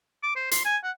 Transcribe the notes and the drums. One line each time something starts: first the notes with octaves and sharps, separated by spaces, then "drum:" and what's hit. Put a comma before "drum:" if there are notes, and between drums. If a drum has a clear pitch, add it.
D6
C5
C6, drum: hi-hat
G#5
F#5